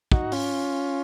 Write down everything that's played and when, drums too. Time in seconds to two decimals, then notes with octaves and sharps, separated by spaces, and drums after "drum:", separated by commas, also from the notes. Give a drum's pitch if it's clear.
0.12 D#4 F#4, drum: kick
0.32 C#4 F4, drum: open hi-hat